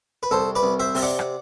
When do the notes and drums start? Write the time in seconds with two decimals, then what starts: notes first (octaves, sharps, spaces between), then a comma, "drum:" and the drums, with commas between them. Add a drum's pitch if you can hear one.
0.23 B4
0.31 C2 A4 C5
0.55 B4 D5
0.63 C2
0.80 C5 E5
0.95 C3 E5, drum: open hi-hat
1.02 D5 F#5
1.19 drum: rim click